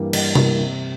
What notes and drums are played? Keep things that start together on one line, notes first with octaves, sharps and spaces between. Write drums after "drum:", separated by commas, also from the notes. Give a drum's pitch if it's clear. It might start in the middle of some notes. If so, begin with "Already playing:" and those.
Already playing: G2 E3 G3 A#3
G2, drum: cymbal
E3 G3 A#3, drum: tom C3
C3